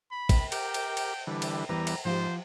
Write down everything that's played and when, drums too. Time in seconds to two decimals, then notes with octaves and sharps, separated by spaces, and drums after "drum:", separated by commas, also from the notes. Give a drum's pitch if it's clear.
0.12 B5
0.29 drum: kick, cymbal
0.52 G4 A#4 G5, drum: cymbal
0.74 drum: cymbal
0.97 drum: cymbal
1.27 D3 E3 G3
1.42 drum: cymbal
1.69 E2 E3 G3 B4 A#5
1.87 drum: cymbal
2.05 G#2 F3 F4 G4 C5